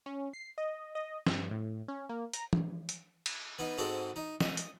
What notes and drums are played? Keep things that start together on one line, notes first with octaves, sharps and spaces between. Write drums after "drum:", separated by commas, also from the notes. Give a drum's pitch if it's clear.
C#4
C7
D#5
D#5
G2, drum: snare
A2
C#4
A#3
A#5, drum: hi-hat
drum: tom E3
drum: hi-hat
drum: cymbal
B3 D#4
G#2 C4 D#4 F#4 A4
D#4
D#5, drum: snare
drum: hi-hat